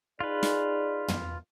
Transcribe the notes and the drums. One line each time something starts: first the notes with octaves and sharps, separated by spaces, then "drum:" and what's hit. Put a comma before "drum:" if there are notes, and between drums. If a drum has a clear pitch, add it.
D#4 F4 G#4 B4 D5
drum: snare
drum: tom